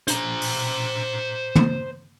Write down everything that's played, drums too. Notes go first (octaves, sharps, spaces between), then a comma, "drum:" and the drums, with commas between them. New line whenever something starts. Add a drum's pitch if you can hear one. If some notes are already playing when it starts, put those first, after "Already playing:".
C5 A#5, drum: hi-hat
drum: open hi-hat
drum: tom